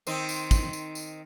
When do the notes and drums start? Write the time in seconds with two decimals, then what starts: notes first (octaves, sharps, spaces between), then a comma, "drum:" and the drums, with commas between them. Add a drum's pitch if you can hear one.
0.07 D#3 C4 D#4, drum: tambourine
0.29 drum: tambourine
0.51 drum: kick, tambourine
0.73 drum: tambourine
0.95 drum: tambourine